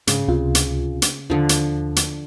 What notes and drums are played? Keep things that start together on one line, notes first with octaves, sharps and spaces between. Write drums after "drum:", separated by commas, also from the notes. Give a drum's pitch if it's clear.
G#2 C#3, drum: hi-hat
C#2 C3 F4
drum: hi-hat
drum: hi-hat
D#2 D3 F3
drum: hi-hat
drum: hi-hat